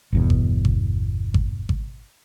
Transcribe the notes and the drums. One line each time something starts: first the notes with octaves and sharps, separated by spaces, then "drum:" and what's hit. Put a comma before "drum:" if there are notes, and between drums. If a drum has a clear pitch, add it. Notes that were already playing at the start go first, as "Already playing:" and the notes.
G1 E2 B2
drum: kick G#1
drum: kick G#1
drum: kick G#1
drum: kick G#1